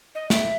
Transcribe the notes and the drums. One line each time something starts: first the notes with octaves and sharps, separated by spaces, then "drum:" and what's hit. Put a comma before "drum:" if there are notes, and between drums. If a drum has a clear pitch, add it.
D#5
E5, drum: snare